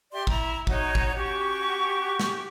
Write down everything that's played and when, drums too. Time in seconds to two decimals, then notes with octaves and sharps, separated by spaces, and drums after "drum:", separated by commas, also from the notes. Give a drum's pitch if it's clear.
0.12 G4 D5 E5 C6
0.27 E4 A#5, drum: kick
0.67 D#4 F#4 C#5, drum: kick
0.95 drum: kick
1.15 C#4 F#4 G4 C#6
2.20 drum: snare